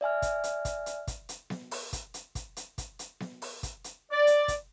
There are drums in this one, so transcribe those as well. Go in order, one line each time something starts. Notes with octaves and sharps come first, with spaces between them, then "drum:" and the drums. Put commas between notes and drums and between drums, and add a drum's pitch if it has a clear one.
D5 E5 G#5 F6
drum: kick, hi-hat
drum: hi-hat
drum: kick, hi-hat
drum: hi-hat
drum: kick, hi-hat
drum: hi-hat
drum: snare B3
drum: open hi-hat
drum: kick, hi-hat
drum: hi-hat
drum: kick, hi-hat
drum: hi-hat
drum: kick, hi-hat
drum: hi-hat
drum: snare B3
drum: open hi-hat
drum: kick, hi-hat
drum: hi-hat
D5
drum: hi-hat
drum: kick, hi-hat